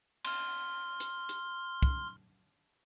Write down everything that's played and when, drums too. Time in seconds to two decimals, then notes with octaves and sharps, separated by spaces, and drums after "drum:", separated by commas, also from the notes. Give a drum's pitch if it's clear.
0.25 C6 F6, drum: cymbal
1.00 drum: hi-hat
1.29 drum: hi-hat
1.83 drum: kick